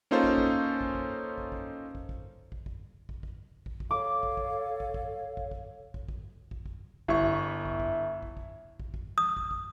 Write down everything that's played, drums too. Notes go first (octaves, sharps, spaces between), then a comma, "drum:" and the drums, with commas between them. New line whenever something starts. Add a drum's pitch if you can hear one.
A#3 C#4 D#4 F4 A4 C5
drum: kick
drum: kick
drum: kick
drum: kick
drum: kick
drum: kick
drum: kick
drum: kick
drum: kick
drum: kick
drum: kick
drum: kick
drum: kick
drum: kick
A4 C#5 F5 D6
drum: kick
drum: kick
drum: kick
drum: kick
drum: kick
drum: kick
drum: kick
drum: kick
drum: kick
drum: kick
G1 E4 C#6, drum: kick
drum: kick
drum: kick
drum: kick
drum: kick
drum: kick
drum: kick
drum: kick
D#6
drum: kick
drum: kick